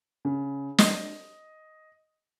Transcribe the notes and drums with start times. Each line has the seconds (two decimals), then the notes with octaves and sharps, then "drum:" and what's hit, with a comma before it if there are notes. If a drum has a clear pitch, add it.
0.25 C#3
0.78 D#5, drum: snare